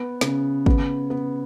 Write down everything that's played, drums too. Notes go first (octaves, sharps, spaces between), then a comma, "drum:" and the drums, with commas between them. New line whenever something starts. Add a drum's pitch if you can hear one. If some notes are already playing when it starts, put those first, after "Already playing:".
Already playing: B3
C#3, drum: snare
B3, drum: kick
B3